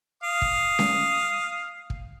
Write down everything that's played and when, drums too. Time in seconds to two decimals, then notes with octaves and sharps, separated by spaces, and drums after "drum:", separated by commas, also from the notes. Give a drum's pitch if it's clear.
0.23 F5 D#6
0.42 drum: kick
0.79 drum: snare C#4
1.90 drum: kick